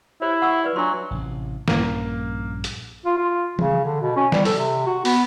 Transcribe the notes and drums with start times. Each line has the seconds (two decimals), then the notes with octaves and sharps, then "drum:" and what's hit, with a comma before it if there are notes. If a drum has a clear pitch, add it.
0.22 E4 G4 C5 C#5
0.42 F#5 C#6 E6
0.64 B4 D5
0.76 F#3 D4 F4 C6
1.11 A1 C3
1.68 A#1 G2 A#3 C#4, drum: snare
2.64 drum: hi-hat
3.05 F4
3.18 F4
3.59 C#3, drum: tom E3
3.84 D3
4.01 B2
4.16 C#4
4.32 G3, drum: snare
4.45 A4, drum: open hi-hat
4.57 C3
4.86 F#4
5.05 B3, drum: open hi-hat